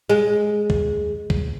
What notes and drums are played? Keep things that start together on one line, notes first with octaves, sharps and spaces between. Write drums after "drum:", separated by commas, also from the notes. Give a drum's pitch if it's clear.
G#3
drum: kick
drum: kick